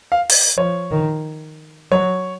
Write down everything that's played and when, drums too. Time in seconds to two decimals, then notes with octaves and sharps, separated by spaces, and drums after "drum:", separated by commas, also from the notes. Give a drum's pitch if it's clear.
0.12 F5
0.30 drum: open hi-hat
0.57 F3 C#5
0.91 D#3
1.91 F#3 C#5